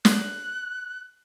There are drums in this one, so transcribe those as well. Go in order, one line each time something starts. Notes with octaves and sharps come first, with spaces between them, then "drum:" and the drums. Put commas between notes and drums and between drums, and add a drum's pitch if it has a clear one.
F#6, drum: snare